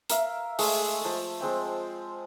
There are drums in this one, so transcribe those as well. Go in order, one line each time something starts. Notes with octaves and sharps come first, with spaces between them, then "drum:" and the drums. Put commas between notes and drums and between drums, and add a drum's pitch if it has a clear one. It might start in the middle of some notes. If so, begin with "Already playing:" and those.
A#4 E5 F5, drum: hi-hat
G#3 A3 G#4, drum: open hi-hat
F3 A4
F3 G#3 C4 G5